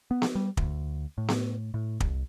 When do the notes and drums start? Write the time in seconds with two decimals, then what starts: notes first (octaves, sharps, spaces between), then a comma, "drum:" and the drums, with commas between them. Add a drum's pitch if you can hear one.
0.11 B3
0.22 drum: snare B3
0.35 G3
0.57 D2, drum: kick
1.18 A2
1.28 drum: snare B3
1.74 A2
2.00 C2, drum: kick